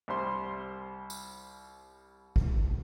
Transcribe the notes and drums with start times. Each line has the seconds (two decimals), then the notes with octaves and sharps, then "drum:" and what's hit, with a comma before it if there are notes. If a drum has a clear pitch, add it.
0.08 C2 G3 C5 C6
1.10 drum: tambourine
2.36 drum: kick